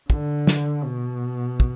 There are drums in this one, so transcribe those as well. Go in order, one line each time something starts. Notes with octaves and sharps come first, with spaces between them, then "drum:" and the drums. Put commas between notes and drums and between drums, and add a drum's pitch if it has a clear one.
D3, drum: kick
drum: snare
B2
drum: kick